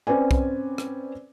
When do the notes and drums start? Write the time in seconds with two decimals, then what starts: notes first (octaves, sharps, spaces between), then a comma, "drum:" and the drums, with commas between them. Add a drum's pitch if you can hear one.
0.07 C4 C#4 B4 D5 G#5
0.31 drum: kick B1
0.78 drum: rim click